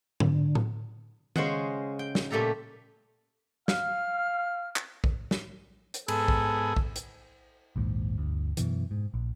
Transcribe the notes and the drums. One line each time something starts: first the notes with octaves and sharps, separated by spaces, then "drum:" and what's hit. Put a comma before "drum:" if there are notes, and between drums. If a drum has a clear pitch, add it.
D3, drum: tom G#2
drum: tom A2
C#3 G#3 C#4 C5 D#5 F#5, drum: tom D#3
G5
drum: snare
A#2 A3 G4 A4 A#5
F5 F6, drum: snare
drum: clap
drum: kick A#1
drum: snare
drum: hi-hat
G#2 B3 G#4 A4, drum: cymbal
drum: kick A#1
drum: kick A#1
drum: hi-hat
A#1 D#2 G#2
G1 D2
F#2 B2 E3, drum: hi-hat
G#2
A#1